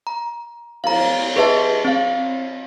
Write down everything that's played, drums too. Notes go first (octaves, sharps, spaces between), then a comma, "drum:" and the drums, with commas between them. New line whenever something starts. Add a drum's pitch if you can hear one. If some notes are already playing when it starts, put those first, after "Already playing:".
A#5
F5 A#5, drum: cymbal
G4 G#4 B4 D#5 E5 A5
C4 F5